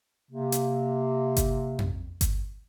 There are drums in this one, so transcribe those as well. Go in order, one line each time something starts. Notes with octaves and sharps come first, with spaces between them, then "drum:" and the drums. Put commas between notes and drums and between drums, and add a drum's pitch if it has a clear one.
C3 A#3
drum: hi-hat
drum: kick G1, hi-hat
drum: tom F2
drum: kick G1, hi-hat